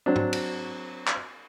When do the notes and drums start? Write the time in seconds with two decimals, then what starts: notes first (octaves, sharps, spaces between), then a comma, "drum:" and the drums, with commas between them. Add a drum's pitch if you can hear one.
0.06 F#3 C4 D4
0.16 drum: tom
0.33 drum: cymbal
1.07 drum: clap